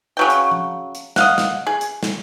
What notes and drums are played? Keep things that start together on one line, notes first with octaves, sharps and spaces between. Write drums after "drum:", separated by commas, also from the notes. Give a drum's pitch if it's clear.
C#3 F#3 G5
drum: hi-hat
drum: tom F3
drum: hi-hat
D#5 F5 F#5, drum: snare
drum: snare
G#4
drum: hi-hat
drum: snare